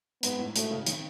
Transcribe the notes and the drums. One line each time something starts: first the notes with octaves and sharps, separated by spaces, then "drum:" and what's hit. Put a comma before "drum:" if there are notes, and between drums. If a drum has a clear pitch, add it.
G#2 B3, drum: hi-hat
A2
B2 A3, drum: hi-hat
C#3
D#3, drum: hi-hat